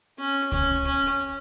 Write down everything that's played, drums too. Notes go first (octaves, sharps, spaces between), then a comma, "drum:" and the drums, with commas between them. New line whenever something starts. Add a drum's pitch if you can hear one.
C#4
C#4, drum: kick C#2
C#4